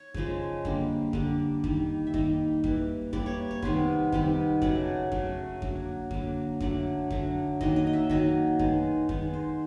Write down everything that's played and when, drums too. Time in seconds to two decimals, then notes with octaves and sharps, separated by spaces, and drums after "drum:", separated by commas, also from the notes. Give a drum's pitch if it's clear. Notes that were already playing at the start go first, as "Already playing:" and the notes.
Already playing: C#5
0.14 C#3 F3 G#3, drum: kick F2
0.65 D3 G3 A#3, drum: kick F2
1.13 D3 G3 A#3 D5, drum: kick F2
1.64 D#3 G3 A#3, drum: kick F2
2.07 E5
2.14 D#3 G3 A#3 D#5, drum: kick F2
2.64 E3 G3 A#3, drum: kick F2
3.13 E3 G3 A#3 D5, drum: kick F2
3.26 C#5
3.51 C#5
3.62 C3 D#3 G3 B3 C5, drum: kick F2
4.12 C3 D#3 G3 B3, drum: kick F2
4.62 C#3 F#3 A3 D5, drum: kick F2
5.12 C#3 F#3 A3, drum: kick F2
5.62 D3 F#3 A#3, drum: kick F2
6.11 D3 F#3 A#3, drum: kick F2
6.60 D3 F#3 A3 D5, drum: kick F2
7.11 D3 F#3 A3, drum: kick F2
7.61 D#3 F#3 A#3 D#5, drum: kick F2
7.76 D#5
7.87 D#5
7.93 E5
8.10 D#3 F#3 A#3 D#5, drum: kick F2
8.59 D#3 G#3 B3, drum: kick F2
9.09 D#3 G#3 B3, drum: kick F2
9.34 C5